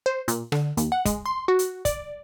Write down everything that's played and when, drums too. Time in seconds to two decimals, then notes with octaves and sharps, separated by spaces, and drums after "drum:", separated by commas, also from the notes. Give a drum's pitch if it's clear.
0.06 C5
0.28 A#2, drum: hi-hat
0.52 D3, drum: rim click
0.77 D#2, drum: hi-hat
0.92 F#5
1.05 G#3, drum: kick, hi-hat
1.26 C6
1.48 F#4
1.59 drum: hi-hat
1.85 D5, drum: kick, hi-hat